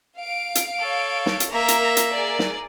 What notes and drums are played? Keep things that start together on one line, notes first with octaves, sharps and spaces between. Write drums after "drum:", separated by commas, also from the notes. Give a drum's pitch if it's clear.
F5 D7
drum: hi-hat
A4 C#5
drum: snare
drum: hi-hat
A#3 A#4 E5 A#5
drum: hi-hat
drum: hi-hat
G#4 A#4 D5
drum: snare